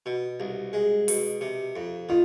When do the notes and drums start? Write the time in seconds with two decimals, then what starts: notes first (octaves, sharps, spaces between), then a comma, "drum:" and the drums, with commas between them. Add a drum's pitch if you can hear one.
0.06 B2
0.40 C2
0.73 G#3
1.08 B2, drum: open hi-hat
1.41 C3
1.76 F2
2.09 D#3 F4